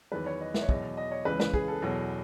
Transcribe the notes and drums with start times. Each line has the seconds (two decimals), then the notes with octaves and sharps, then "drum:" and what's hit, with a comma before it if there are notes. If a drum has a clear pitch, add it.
0.12 E2 D#3 F#3 B4
0.26 C#5
0.41 D#5
0.54 E5, drum: snare
0.62 C#5
0.69 E2 B2 F#3 D#5, drum: kick
0.97 D#5
1.11 C#5
1.25 C#2 C#3 E3 B4
1.40 B4, drum: snare
1.54 G#4, drum: kick
1.68 A4
1.82 E2 B2 F#3